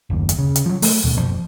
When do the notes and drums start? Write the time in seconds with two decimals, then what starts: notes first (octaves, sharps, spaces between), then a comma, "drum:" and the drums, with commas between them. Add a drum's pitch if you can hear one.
0.10 F#1 D#2
0.29 drum: hi-hat
0.39 C#3
0.56 drum: hi-hat
0.66 F3 F#3
0.82 A3, drum: open hi-hat
1.04 D#2 B2
1.15 F#1 A#2 F3